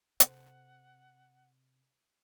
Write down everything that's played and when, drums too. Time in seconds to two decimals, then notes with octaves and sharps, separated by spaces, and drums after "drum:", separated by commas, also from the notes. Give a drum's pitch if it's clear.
0.20 C3 A4 C5 F#5, drum: hi-hat